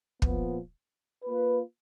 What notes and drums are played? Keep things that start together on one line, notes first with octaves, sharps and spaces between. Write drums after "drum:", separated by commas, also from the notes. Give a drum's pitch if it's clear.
A#2 F3 B3, drum: kick
A#3 F4 B4